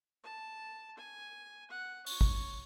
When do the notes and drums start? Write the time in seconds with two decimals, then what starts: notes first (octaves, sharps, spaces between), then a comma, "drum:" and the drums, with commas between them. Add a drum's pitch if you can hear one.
0.24 A5
0.98 G#5
1.70 F#5
2.06 C#5, drum: open hi-hat
2.21 drum: kick